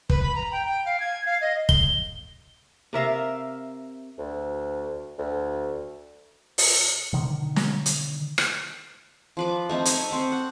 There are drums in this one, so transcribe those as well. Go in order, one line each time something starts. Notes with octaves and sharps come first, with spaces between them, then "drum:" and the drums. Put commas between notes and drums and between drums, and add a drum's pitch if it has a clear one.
B4, drum: kick
B5
A#5
G5
G5
F5
G#6
F5
D#5
G7, drum: kick
C3 A#4 E5 F5
D2
D2
drum: open hi-hat
B2 D3 D#3
drum: snare
drum: hi-hat
drum: rim click
F3 B4 D6
A3 C4 D#4
C#5 D#5 E5 C#6, drum: hi-hat
C4 C#6 D6
F#5